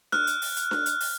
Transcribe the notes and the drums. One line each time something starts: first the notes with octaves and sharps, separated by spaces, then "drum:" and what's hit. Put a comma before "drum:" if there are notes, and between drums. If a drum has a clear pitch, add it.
F6 F#6, drum: snare D4
drum: hi-hat
drum: open hi-hat
drum: hi-hat
drum: snare D4
drum: hi-hat
drum: open hi-hat